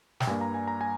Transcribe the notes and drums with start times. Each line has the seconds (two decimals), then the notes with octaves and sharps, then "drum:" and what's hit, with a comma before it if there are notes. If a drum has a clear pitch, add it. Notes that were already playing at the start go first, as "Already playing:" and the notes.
0.20 G5, drum: snare
0.27 G2 G3 A#3 G#5
0.41 A#5
0.54 G#5
0.68 A#5
0.81 G#5